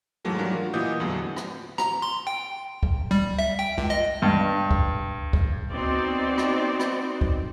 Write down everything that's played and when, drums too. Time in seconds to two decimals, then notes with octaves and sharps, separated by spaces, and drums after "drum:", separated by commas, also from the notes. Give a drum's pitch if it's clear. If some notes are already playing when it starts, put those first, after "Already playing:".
0.25 D#2 G#2 E3 F#3 A3 A#3
0.38 E3 F#3 G3 D4 F4 A#4
0.51 F4 F#4
0.74 A#2 E3 G4 D#5 D#6 G6
1.00 E2 A2 D3 F#3
1.36 drum: rim click
1.78 A#5, drum: rim click
2.02 C6
2.27 G5
2.83 drum: kick C#2
3.11 G3
3.39 E5
3.59 G5
3.78 C#2
3.90 D#5
4.22 G2
4.71 drum: kick C#2
5.33 drum: kick C#2
5.72 B3 C4 D#4 F#4 D5 C6
6.38 drum: rim click
6.80 drum: rim click
7.21 drum: kick C#2